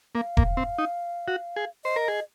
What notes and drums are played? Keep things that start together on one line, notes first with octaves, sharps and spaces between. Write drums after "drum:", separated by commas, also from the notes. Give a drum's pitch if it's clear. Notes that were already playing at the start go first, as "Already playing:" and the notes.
A#3 F5
A#3, drum: kick E1
C4
D#4
F#4
G#4
C5 D#5
A#4
G#4